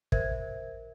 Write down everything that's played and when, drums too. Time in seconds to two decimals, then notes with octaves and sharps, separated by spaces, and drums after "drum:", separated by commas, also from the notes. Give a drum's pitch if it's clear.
0.12 A#4 C5 E5 G#6, drum: kick